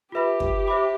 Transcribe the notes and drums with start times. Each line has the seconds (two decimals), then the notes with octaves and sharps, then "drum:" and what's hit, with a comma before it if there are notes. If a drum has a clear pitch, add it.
0.12 F4 G4 B4 E5 B5
0.40 drum: kick
0.68 C5 E5 B5 D6